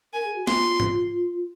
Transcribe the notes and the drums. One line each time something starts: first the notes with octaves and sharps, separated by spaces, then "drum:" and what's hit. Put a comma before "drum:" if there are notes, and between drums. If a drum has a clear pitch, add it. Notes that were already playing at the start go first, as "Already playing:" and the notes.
A#4 G#5
G#4
F#4
F4 C6, drum: snare
drum: tom G#2